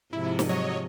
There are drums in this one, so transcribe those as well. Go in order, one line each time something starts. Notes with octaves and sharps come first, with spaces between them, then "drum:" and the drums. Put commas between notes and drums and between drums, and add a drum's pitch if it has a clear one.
G#2 C3 F3 E4
drum: snare
F#3 C#5 D#5